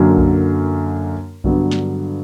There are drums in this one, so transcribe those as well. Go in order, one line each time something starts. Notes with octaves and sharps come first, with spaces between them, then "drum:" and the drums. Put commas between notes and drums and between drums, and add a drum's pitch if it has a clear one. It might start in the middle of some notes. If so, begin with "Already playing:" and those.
Already playing: F#2 D3 F#3 A#3
drum: kick B1
G2 D3 F#3 B3, drum: kick B1
drum: snare